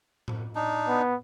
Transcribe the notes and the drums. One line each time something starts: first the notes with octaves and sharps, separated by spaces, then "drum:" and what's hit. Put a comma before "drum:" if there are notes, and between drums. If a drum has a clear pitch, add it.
drum: tom A2
D4 D#4
B3